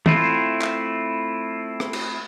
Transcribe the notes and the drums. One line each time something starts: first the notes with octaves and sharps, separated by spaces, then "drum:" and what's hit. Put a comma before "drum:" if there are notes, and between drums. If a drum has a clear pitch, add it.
A3 C4 E4 F4, drum: tom
drum: clap
drum: rim click
drum: cymbal